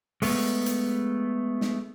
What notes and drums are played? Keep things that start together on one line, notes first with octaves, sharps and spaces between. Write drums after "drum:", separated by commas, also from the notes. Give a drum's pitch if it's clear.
G#3 A3 B3, drum: open hi-hat
drum: hi-hat
drum: snare